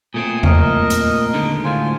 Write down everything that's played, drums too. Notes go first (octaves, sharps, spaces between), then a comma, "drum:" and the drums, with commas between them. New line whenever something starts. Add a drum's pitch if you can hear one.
A#2 A3 C4 G#5 D#6
A#4 D#5, drum: tom E2
drum: hi-hat
D3 D#3 G#3
D2 A2 F4 C5 G#5